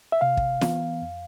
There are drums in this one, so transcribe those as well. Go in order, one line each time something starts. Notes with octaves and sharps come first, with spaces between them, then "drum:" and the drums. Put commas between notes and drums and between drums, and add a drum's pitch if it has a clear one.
E5
C3 F5
drum: kick
E3 B3, drum: snare
F2